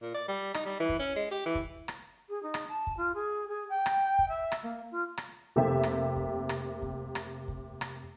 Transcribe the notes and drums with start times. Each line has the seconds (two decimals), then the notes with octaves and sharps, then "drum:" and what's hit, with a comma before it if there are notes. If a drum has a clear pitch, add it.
0.02 A#2
0.14 D5
0.28 G3
0.54 D#4, drum: rim click
0.65 G3
0.80 E3
0.89 drum: kick
0.99 C#4
1.16 G#3
1.31 G4
1.46 E3
1.55 drum: kick
1.88 drum: rim click
2.29 G#4
2.43 D#4
2.54 drum: rim click
2.69 A5
2.87 drum: kick
2.97 F4
3.15 G#4
3.48 G#4
3.69 G5
3.86 drum: rim click
4.19 drum: kick
4.29 E5
4.52 drum: rim click
4.63 A#3
4.91 F4
5.17 drum: rim click
5.56 F1 C3 A#3 G4 E5
5.83 drum: rim click
6.16 drum: kick
6.49 drum: rim click
6.82 drum: kick
7.15 drum: rim click
7.48 drum: kick
7.81 drum: rim click